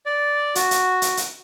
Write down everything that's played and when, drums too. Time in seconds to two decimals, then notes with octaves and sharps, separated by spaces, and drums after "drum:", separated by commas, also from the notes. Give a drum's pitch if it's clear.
0.06 D5
0.55 F#4, drum: hi-hat
0.71 drum: hi-hat
1.02 drum: hi-hat
1.17 drum: hi-hat